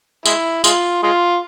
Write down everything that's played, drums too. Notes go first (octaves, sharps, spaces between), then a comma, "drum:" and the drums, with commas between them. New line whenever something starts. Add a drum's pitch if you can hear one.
G#3 E4, drum: tambourine
G#3 F4, drum: tambourine
G#3 F4